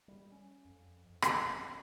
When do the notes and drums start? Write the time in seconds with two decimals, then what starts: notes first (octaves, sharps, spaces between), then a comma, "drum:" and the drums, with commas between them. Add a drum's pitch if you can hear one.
0.08 G3
0.32 C#4
0.65 F2
1.05 F2
1.22 drum: rim click
1.44 G#1
1.58 C#4